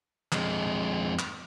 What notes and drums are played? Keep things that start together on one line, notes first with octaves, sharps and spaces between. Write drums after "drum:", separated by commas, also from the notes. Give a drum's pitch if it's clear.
F2 G#3, drum: clap
drum: clap